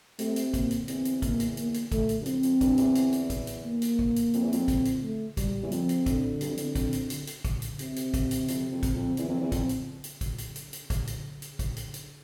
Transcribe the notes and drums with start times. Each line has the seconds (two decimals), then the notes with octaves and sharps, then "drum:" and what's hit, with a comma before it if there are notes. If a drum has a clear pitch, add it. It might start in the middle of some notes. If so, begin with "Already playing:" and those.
0.19 C3 A3, drum: hi-hat
0.36 drum: hi-hat
0.54 A#3, drum: kick, hi-hat
0.71 drum: hi-hat
0.88 E2 C4, drum: hi-hat
1.05 drum: hi-hat
1.22 A#3, drum: kick, hi-hat
1.40 drum: hi-hat
1.57 A#3, drum: hi-hat
1.74 drum: hi-hat
1.92 A3, drum: kick, hi-hat
2.09 drum: hi-hat
2.21 G2
2.26 F2 C4, drum: hi-hat
2.43 F2, drum: hi-hat
2.61 G2, drum: kick, hi-hat
2.78 E2, drum: hi-hat
2.95 drum: hi-hat
3.13 drum: hi-hat
3.30 drum: kick, hi-hat
3.47 drum: hi-hat
3.64 A#3
3.82 drum: hi-hat
3.99 drum: kick
4.16 drum: hi-hat
4.34 F2, drum: hi-hat
4.43 E2
4.53 F2, drum: hi-hat
4.68 drum: kick, hi-hat
4.85 drum: hi-hat
5.02 A3
5.37 G3, drum: kick, hi-hat
5.62 E2
5.72 F2 F3, drum: hi-hat
5.89 drum: hi-hat
6.06 D3, drum: kick, hi-hat
6.41 G2, drum: hi-hat
6.49 F2
6.57 E2, drum: hi-hat
6.66 F2
6.75 drum: kick, hi-hat
6.93 drum: hi-hat
7.10 drum: hi-hat
7.27 drum: hi-hat
7.45 drum: kick, hi-hat
7.62 drum: hi-hat
7.79 C3, drum: hi-hat
7.96 drum: hi-hat
8.14 drum: kick, hi-hat
8.31 drum: hi-hat
8.48 F2, drum: hi-hat
8.71 F2
8.83 drum: kick, hi-hat
8.95 F2
9.17 E2 E3, drum: hi-hat
9.29 F2
9.41 E2
9.52 F2, drum: kick, hi-hat
9.69 drum: hi-hat
10.04 drum: hi-hat
10.21 drum: kick, hi-hat
10.38 drum: hi-hat
10.56 drum: hi-hat
10.73 drum: hi-hat
10.90 drum: kick, hi-hat
11.07 drum: hi-hat
11.42 drum: hi-hat
11.59 drum: kick, hi-hat
11.77 drum: hi-hat
11.94 drum: hi-hat